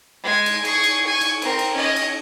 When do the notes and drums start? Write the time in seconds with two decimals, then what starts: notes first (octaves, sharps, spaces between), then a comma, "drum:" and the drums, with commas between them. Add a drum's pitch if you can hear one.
0.23 G#3 G#5
0.46 drum: cymbal
0.65 G#4 C#6, drum: cymbal
0.83 drum: cymbal
1.06 G#5 C#6
1.21 drum: cymbal
1.42 C4 A#4, drum: cymbal
1.59 drum: cymbal
1.73 C#4 D#5
1.96 drum: cymbal